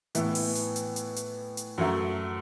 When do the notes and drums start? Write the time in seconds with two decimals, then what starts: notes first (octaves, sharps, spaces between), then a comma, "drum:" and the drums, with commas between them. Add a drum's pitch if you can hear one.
0.15 A2 E3 B3 E4, drum: hi-hat
0.35 drum: open hi-hat
0.55 drum: hi-hat
0.76 drum: hi-hat
0.96 drum: hi-hat
1.16 drum: hi-hat
1.57 drum: hi-hat
1.78 F#2 F#3 A3